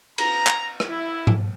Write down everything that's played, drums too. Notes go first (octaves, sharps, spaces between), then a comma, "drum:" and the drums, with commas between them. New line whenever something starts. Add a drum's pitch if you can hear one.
A#5, drum: cymbal
drum: clap
drum: rim click
E4
drum: tom G#2